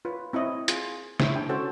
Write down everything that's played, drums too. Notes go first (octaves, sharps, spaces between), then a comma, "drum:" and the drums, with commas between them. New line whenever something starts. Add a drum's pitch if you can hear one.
F4 B4 C#5
C4 E4 C#5 D#5
F4 G#4 G5, drum: hi-hat
D#4 E4 C5 C#5 G5, drum: snare
D4 G5
C#4 F#4 A4 C5 C#5 A5